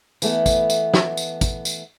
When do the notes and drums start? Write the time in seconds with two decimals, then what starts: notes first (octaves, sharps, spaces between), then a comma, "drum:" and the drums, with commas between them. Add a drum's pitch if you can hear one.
0.22 E3 A3 B3, drum: tambourine
0.46 drum: kick, tambourine
0.70 drum: tambourine
0.94 drum: snare
1.17 drum: tambourine
1.41 drum: kick, tambourine
1.65 drum: tambourine